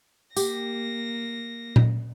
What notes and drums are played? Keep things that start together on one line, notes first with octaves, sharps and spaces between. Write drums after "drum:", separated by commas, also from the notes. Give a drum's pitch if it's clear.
A#3 G4 A#6, drum: tambourine
drum: tom A#2